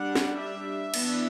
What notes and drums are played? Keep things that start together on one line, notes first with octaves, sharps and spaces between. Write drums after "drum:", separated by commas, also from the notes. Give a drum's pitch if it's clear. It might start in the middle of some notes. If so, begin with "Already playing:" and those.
Already playing: G3 D4 F#5
drum: snare
E5
E3 B3 D4, drum: cymbal